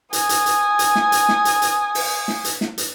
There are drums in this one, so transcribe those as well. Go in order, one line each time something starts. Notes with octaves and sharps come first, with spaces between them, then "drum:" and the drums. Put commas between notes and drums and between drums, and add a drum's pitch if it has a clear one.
G#5 D#6, drum: hi-hat
drum: hi-hat
drum: hi-hat
drum: hi-hat
drum: snare
drum: hi-hat
drum: snare
drum: hi-hat
drum: hi-hat
drum: open hi-hat
drum: snare
drum: hi-hat
drum: snare
drum: hi-hat